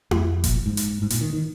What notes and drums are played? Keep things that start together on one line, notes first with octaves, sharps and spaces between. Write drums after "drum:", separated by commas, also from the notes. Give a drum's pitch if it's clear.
F2, drum: tom E4
A#2, drum: kick F1, hi-hat
G#2
drum: hi-hat
G#2
A#2, drum: hi-hat
D#3
D#3